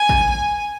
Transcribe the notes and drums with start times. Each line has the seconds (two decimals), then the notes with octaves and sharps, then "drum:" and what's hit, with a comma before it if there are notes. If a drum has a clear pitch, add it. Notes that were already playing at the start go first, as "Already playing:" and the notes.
Already playing: G#5
0.09 drum: kick
0.30 G#5